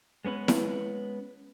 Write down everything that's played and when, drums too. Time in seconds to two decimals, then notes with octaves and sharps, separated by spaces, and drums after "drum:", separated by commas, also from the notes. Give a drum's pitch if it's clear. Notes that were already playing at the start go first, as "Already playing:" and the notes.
0.25 G#3 B3 C#4 B4
0.48 drum: snare E4